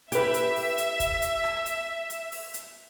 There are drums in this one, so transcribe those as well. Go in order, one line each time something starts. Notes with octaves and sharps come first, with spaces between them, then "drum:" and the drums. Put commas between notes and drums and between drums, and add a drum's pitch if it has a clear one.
G4 B4 E5, drum: hi-hat
drum: hi-hat
drum: open hi-hat
drum: hi-hat
drum: kick, hi-hat
drum: hi-hat
drum: rim click
drum: hi-hat
drum: hi-hat
drum: open hi-hat
drum: hi-hat